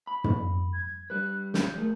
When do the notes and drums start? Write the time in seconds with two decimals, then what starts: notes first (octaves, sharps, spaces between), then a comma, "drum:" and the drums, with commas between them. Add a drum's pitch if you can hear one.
0.07 B5
0.24 drum: tom
0.73 G#6
1.10 G3 B4 F#6
1.54 G6, drum: snare
1.78 A3 G#4 A#4